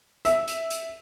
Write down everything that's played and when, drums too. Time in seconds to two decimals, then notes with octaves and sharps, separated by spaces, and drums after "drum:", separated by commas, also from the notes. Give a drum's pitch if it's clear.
0.25 E5, drum: hi-hat
0.48 drum: hi-hat
0.70 drum: hi-hat